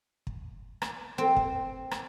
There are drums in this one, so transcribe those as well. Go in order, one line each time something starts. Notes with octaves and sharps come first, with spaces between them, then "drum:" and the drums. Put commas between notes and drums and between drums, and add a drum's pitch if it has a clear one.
drum: kick
drum: rim click
C4
drum: kick
drum: rim click